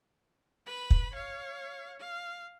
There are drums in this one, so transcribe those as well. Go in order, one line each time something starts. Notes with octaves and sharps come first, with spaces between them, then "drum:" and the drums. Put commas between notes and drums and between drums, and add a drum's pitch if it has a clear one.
B4 B5
drum: kick
C#5 F5
F5